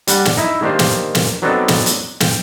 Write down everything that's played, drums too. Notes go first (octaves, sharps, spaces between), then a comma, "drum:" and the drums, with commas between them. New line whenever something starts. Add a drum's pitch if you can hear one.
G3 D4 F#5, drum: hi-hat
drum: snare
D#4 E4 E5
D#3 A#3 D4 G4 C5
drum: snare
drum: snare
F#3 B3 C4 D4 D#4 A4
drum: snare
drum: hi-hat
G5, drum: snare